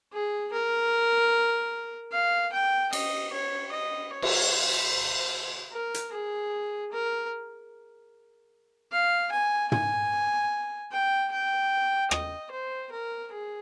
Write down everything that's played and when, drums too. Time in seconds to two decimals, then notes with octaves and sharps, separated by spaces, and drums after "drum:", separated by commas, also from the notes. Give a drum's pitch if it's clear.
0.13 G#4
0.53 A#4
2.12 F5
2.53 G5
2.93 D#5, drum: cymbal
3.33 C#5
3.72 D#5
4.13 C#5
4.22 drum: cymbal
4.52 C5
5.73 A#4
5.94 drum: hi-hat
6.12 G#4
6.92 A#4
8.92 F5
9.32 G#5
9.72 G#5, drum: tom
10.92 G5
11.32 G5
12.11 D#5, drum: rim click
12.51 C5
12.92 A#4
13.31 G#4